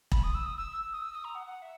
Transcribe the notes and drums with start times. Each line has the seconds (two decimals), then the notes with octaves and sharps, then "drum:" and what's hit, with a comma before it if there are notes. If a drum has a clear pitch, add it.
0.12 B5, drum: kick E1
0.23 D#6
0.34 E6
0.46 D#6
0.56 E6
0.72 E6
0.92 D#6
1.02 E6
1.13 D#6
1.24 A#5
1.35 F#5
1.47 F#5
1.62 E5